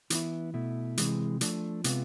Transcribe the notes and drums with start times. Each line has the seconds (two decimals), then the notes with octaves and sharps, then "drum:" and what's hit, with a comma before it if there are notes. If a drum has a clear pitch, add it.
0.10 E3 B3 E4, drum: hi-hat
0.54 B2 A3 E4
0.97 C3 E3 G#3, drum: hi-hat
1.41 F3 A3 D4, drum: hi-hat
1.84 C3 G#3 B3 F4, drum: hi-hat